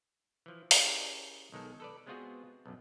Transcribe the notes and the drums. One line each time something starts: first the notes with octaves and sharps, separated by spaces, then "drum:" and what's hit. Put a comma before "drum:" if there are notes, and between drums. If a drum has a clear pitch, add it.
E3 F3
C#4 E4 G4 G#4 A#4 C5, drum: open hi-hat
B1 D#3 G#3 A4
A4 B4 D5
G#3 B3 C4 F4 F#4 G#4
B1 F#2